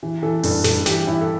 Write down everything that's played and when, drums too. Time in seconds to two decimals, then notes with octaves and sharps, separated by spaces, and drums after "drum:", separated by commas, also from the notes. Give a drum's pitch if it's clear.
0.03 E3
0.22 E3 A4
0.43 G2 A4, drum: open hi-hat
0.64 G2 A4, drum: snare
0.86 E3 G4, drum: snare
1.07 E3 E4
1.21 A4